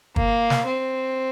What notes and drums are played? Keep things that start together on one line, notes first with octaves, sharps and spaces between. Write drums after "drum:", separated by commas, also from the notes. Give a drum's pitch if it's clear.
A#3, drum: kick
drum: snare
C4